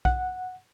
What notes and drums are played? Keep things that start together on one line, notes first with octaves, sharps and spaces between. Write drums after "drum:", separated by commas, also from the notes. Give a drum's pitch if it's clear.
F#5, drum: kick B1